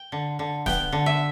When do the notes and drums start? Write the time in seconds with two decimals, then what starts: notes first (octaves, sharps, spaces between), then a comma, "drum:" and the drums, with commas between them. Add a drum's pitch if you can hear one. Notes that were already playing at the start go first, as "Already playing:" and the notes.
Already playing: G5
0.12 D3
0.39 D3
0.66 B3 G5, drum: snare
0.92 D3
1.06 E5